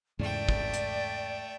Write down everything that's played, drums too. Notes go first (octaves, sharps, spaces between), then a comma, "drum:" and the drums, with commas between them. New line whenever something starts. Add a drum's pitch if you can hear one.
E2 G#2 C#3 A3 D5 G5
drum: kick
drum: hi-hat